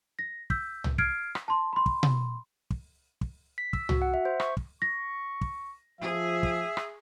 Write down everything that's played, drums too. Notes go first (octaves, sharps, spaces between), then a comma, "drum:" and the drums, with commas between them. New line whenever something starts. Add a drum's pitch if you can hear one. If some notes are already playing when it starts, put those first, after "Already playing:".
A#6
E6 G6 B6, drum: kick
drum: tom C2
F6 G#6 C7 D7, drum: kick
drum: rim click
A5 C6
B5 C6
drum: kick
drum: tom B2
drum: kick
drum: kick
B6
E6, drum: kick
F#4, drum: tom C2
F#5
E5
C5
C#6, drum: rim click
drum: kick
C#6 A#6
drum: kick
F3 G#4 E5
drum: kick
drum: rim click